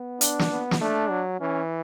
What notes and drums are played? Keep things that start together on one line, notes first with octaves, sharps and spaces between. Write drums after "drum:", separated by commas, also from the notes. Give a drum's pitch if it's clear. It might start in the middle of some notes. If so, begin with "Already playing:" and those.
Already playing: B3
D4, drum: hi-hat
drum: snare
B3
drum: snare
A3 D4
F#3
E3 C#4